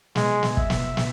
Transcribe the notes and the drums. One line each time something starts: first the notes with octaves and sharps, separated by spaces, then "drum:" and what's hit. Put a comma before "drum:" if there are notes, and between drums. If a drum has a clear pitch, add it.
G#3, drum: snare
drum: snare
E5, drum: kick
drum: snare
drum: snare